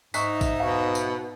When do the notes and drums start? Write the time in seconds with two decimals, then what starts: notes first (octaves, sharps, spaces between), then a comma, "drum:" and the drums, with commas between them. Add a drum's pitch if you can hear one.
0.14 G#2 D#4 E5 C#6 F#6 B6, drum: tambourine
0.41 drum: kick A#1, tambourine
0.60 B2 F5 C#6
0.95 drum: tambourine